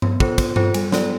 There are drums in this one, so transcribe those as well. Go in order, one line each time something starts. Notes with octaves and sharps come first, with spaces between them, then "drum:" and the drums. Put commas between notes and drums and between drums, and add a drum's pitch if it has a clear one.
B3, drum: tom G2
F4 A4 C5, drum: kick
B3, drum: kick, cymbal
F4 A4 C5, drum: tom G2
G3, drum: cymbal
B3 F4 A4 D5, drum: snare